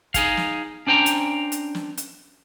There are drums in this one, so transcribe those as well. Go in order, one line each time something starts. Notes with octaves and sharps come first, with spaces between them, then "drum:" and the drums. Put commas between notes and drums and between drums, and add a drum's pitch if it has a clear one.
D#4 G#4 F5, drum: kick, hi-hat
drum: snare
C#4 D4 C5 G5 A#5
drum: hi-hat
drum: hi-hat
drum: snare
drum: hi-hat